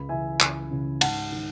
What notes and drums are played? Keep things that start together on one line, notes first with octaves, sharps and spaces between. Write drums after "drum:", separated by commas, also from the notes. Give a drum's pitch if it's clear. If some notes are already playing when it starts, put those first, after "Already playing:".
Already playing: C#2 B5
C#3 E3 E5 G#5
C#2, drum: clap
C#3 E3
G#2 F#5 A5, drum: cymbal
D#3